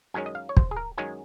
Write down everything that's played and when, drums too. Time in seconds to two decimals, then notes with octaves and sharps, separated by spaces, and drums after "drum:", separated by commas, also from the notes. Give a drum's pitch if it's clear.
0.14 F#2 D#3 G#3 C#4 G#5
0.26 D#5
0.35 F5
0.49 C#5
0.57 C5, drum: kick
0.71 G#4
0.76 A#4
0.98 F#2 D#3 G#3 C#4 G#4